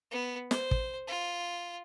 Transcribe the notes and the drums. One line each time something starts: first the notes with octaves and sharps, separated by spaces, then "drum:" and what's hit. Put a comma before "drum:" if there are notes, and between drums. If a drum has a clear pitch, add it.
B3
C5, drum: snare
drum: kick
F4